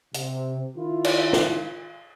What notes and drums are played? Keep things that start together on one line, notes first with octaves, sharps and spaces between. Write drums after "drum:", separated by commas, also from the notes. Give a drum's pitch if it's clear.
C3, drum: hi-hat
D#3 E4 F4
drum: cymbal
drum: snare